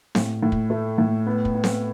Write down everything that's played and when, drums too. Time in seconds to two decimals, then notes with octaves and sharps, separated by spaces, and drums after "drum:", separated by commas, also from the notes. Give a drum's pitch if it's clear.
0.15 A2, drum: snare C4
0.43 A2
0.52 drum: kick
0.70 A3
0.98 A2
1.26 B3
1.45 drum: kick
1.54 B3
1.64 drum: snare C4